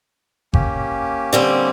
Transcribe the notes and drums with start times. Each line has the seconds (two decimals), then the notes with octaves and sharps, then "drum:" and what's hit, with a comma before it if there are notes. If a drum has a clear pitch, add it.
0.54 A#3 C#4 G4, drum: kick G1
1.33 D3 G3 C4